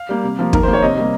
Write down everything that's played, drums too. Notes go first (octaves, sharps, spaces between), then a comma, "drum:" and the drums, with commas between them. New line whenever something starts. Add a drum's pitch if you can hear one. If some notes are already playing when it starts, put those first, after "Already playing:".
Already playing: F5
G3 A#3
C3
F3 A#3
D#3 A#4, drum: kick
C5
A#3
C#5
C3 D#5
G3 A#3